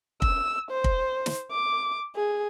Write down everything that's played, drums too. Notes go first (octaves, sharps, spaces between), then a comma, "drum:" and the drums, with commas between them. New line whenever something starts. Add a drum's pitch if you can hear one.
E6, drum: kick
C5
drum: kick
drum: snare
D6
G#4